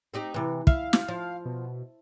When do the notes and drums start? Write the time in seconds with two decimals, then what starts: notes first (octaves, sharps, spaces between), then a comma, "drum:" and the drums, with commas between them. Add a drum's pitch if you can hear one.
0.14 C4 D#4 G4
0.34 C3 E3
0.67 E5 F5, drum: kick
0.93 drum: snare
1.08 F3
1.45 B2